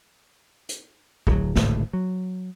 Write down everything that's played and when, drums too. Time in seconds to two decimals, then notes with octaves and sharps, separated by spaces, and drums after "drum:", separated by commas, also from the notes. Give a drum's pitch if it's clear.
0.69 drum: hi-hat
1.27 D1 D2 E3 F#3, drum: kick A#1
1.56 D1 G#1 C#2 A2, drum: snare
1.93 F#3